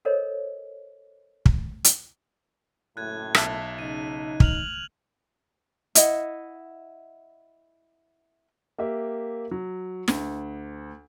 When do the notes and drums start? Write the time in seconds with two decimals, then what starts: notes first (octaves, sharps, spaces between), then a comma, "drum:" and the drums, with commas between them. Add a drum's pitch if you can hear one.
0.05 A4 A#4 C5 C#5 D#5
1.46 drum: kick
1.84 drum: hi-hat
2.97 F#1 F#2 A2 F#6 G#6
3.35 B1 E5 A5, drum: rim click
3.79 C#3 D#4 D#7
4.40 F6 F7 F#7, drum: kick
5.95 E4 D#5 F#5, drum: hi-hat
8.78 A#3 G4 E5
9.51 F#3
10.08 D2, drum: snare